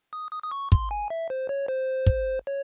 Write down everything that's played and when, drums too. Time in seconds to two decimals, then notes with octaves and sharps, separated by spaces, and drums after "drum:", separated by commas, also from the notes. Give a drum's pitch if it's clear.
0.13 D#6
0.32 D#6
0.43 D#6
0.51 C#6
0.72 C6, drum: kick
0.91 G#5
1.10 E5
1.30 C5
1.49 C#5
1.68 C5
2.06 drum: kick
2.47 C#5